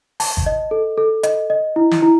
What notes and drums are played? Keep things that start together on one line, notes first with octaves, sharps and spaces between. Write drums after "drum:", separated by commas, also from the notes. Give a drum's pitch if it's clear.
A5, drum: open hi-hat
drum: kick
D#5
A4
A4
D#5, drum: hi-hat
D#5
E4
drum: snare
E4